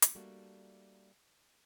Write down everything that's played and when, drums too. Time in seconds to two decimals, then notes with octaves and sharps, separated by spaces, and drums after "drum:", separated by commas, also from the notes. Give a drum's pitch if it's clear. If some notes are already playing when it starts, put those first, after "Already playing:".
0.02 drum: hi-hat
0.15 G3 A3 A#3 D4 F#4